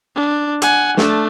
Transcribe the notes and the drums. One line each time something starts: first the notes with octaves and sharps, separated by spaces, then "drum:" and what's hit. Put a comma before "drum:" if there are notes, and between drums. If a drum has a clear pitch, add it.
D4
F#5 G#5, drum: hi-hat
A3 D4, drum: snare